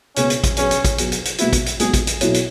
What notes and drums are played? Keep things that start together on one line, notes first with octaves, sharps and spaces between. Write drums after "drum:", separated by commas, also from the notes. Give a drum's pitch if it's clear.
C#2 B2 B3 C#4 G#4 C#5, drum: hi-hat
drum: hi-hat
drum: kick, hi-hat
B2 F#3 B3 C#4 G#4, drum: hi-hat
drum: hi-hat
drum: kick, hi-hat
B2 F#3 B3 G#4, drum: hi-hat
drum: hi-hat
drum: hi-hat
B1 B2 G#3 B3 E4 F#4, drum: hi-hat
drum: kick, hi-hat
drum: hi-hat
B1 B2 G#3 B3 F#4 G#4, drum: hi-hat
drum: kick, hi-hat
drum: hi-hat
B1 B2 F#3 E4 C#5, drum: hi-hat
drum: hi-hat